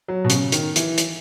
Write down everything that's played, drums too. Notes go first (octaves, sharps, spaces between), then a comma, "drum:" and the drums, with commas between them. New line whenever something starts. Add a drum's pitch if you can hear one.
F#3
B2
C#3, drum: hi-hat
D#3, drum: hi-hat
E3, drum: hi-hat
drum: hi-hat